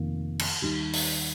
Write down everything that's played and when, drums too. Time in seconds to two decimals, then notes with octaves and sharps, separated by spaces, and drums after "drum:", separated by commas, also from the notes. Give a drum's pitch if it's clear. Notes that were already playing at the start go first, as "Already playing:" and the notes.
Already playing: F1 F2 D#3 A#3
0.39 drum: cymbal
0.62 D#2 D#3 G3 D#4
0.94 drum: open hi-hat